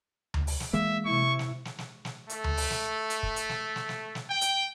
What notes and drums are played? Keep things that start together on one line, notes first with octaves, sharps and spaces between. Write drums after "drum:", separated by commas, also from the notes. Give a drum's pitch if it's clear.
drum: tom D2
drum: open hi-hat
drum: snare
E3 G#3 A#3 E5
C3 E4 C#6
drum: snare
drum: snare
drum: snare
drum: snare
A3, drum: hi-hat
drum: tom D2
drum: open hi-hat
drum: snare
drum: hi-hat
drum: kick
drum: hi-hat
drum: snare
drum: snare
drum: snare
drum: snare
G5
drum: hi-hat